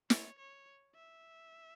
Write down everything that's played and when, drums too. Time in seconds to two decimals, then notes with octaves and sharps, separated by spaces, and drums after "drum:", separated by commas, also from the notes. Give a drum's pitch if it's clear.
0.10 C#5, drum: snare
0.39 C#5
0.95 E5